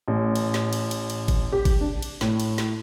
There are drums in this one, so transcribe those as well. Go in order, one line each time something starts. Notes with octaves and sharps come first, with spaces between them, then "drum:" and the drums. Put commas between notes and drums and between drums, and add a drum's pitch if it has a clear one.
A1
drum: cymbal
drum: snare
drum: cymbal
drum: cymbal
drum: cymbal
drum: kick G1, cymbal
G4
drum: kick G1, cymbal
D4
drum: cymbal
A2, drum: snare
drum: cymbal
drum: snare